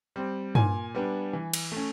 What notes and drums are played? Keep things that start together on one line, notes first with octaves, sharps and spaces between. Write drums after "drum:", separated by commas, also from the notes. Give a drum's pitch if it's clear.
G3 C4
A#2 G#5, drum: tom G2
G3 B3 D4
E3
drum: cymbal
A3 C#4